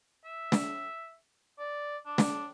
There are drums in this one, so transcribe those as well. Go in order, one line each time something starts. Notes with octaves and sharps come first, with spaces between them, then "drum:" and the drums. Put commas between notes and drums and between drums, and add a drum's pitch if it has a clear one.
E5
drum: snare
D5
D4
drum: snare